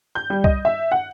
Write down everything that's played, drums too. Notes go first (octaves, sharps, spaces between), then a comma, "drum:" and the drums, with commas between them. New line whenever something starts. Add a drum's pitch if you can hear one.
G6
G3
D#5, drum: kick C2
E5
F#5